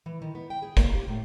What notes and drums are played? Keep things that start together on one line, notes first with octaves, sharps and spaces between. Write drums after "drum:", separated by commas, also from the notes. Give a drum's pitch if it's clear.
E3
D#3
B3
G5
G#4
A#3, drum: kick, hi-hat
G4
A2